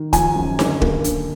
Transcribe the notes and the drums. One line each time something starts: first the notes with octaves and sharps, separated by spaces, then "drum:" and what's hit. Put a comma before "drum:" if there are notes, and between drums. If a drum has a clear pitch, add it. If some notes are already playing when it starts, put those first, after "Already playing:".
Already playing: D#3
F3 G#5, drum: kick, hi-hat
F#2
D3, drum: snare D#4
A#3, drum: kick
D3, drum: hi-hat